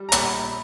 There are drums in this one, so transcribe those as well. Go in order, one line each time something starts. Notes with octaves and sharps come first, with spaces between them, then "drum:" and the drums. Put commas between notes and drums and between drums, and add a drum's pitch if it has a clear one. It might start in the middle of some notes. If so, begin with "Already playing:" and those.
Already playing: G3
A#5
A#1 B5, drum: hi-hat